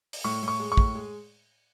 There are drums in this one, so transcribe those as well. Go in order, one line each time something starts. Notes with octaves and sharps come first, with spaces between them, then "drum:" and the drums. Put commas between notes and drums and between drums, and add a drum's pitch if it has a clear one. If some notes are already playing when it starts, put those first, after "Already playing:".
drum: open hi-hat
A2 C#6
A2
C#6
G#3
C#6
A2, drum: kick
G#3